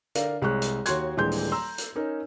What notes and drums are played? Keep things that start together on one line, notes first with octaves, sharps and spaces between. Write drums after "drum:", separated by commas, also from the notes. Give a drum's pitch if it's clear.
D3 A#4 D5 F5, drum: hi-hat
C2 G#3 C#5 C#6 F#6
drum: hi-hat
D#2 F#4 C#5 C6 F#6 G#6, drum: hi-hat
D#1 E3 G#3 D4 C6 G6
drum: open hi-hat
A#5 C6 E6
drum: hi-hat
C#4 D#4 A#4